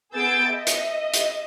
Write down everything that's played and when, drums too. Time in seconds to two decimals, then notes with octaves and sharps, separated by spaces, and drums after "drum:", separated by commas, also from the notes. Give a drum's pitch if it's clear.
0.14 B3 G#4 E6 G6 A6 D7
0.50 D#5 E5
0.67 drum: hi-hat
1.14 drum: hi-hat